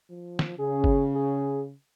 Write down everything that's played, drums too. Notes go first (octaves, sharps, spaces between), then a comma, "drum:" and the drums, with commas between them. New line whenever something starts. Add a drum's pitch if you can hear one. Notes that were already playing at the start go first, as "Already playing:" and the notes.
F3
drum: snare
C#3 G#4
drum: kick F#1
G#4